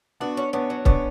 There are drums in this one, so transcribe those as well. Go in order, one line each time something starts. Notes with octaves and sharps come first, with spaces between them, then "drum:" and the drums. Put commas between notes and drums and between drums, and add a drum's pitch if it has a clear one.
B3 D4 F#4
C#4
B3 C#4 D4
F#3
B3 C#4 D4, drum: kick C#1